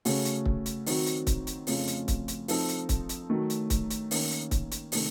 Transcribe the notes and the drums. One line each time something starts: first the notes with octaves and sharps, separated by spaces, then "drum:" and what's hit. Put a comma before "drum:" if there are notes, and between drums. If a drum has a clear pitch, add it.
C#3 A3 C#4 F#4, drum: open hi-hat
drum: hi-hat
drum: kick
drum: hi-hat
D#3 F#3 C4 F#4, drum: open hi-hat
drum: hi-hat
drum: kick, hi-hat
drum: hi-hat
F2 C#3 A3 C#4 F4, drum: open hi-hat
drum: hi-hat
drum: kick, hi-hat
drum: hi-hat
F3 C4 D#4 A4, drum: open hi-hat
drum: hi-hat
drum: kick, hi-hat
drum: hi-hat
D#3 F#3 A3
drum: hi-hat
drum: kick, hi-hat
drum: hi-hat
D#3 A#3 C#4, drum: open hi-hat
drum: hi-hat
drum: kick, hi-hat
drum: hi-hat
C3 D#3 A3, drum: open hi-hat